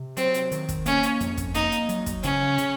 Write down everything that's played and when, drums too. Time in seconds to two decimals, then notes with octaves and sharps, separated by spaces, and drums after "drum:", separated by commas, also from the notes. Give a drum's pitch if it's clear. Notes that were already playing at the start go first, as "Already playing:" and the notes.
Already playing: C3
0.17 F#3 C4, drum: hi-hat
0.34 drum: hi-hat
0.52 D#3, drum: hi-hat
0.69 drum: kick, hi-hat
0.86 A#3 C#4, drum: hi-hat
1.03 drum: hi-hat
1.20 F2, drum: hi-hat
1.37 drum: kick, hi-hat
1.54 A#3 D#4, drum: hi-hat
1.72 drum: hi-hat
1.89 F#3, drum: hi-hat
2.06 drum: kick, hi-hat
2.23 C#3 C#4, drum: hi-hat
2.58 C#3, drum: hi-hat